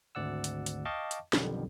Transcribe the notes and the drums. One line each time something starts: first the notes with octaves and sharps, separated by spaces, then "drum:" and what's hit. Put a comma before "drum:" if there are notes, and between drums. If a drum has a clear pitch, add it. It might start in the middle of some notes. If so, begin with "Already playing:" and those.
G#1 D2 D5 F#5 E6
drum: hi-hat
drum: hi-hat
D#5 F5 G5 A5 C#6 D6
drum: hi-hat
B1 F2 D3 D#3 G3, drum: snare